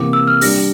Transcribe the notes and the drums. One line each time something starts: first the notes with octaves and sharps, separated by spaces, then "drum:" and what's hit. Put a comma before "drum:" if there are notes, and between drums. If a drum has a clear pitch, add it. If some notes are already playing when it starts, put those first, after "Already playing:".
Already playing: C3 E3 A#3 D6
E6
F6
G3 D4 G4 A#6, drum: open hi-hat